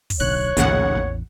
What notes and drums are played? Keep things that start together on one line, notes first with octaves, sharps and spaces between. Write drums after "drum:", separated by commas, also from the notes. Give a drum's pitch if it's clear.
drum: kick, open hi-hat
D1 B1 D3 C#5 F#6
A#1 D#2 A2 C#3 F3 F#5, drum: hi-hat
A1 E2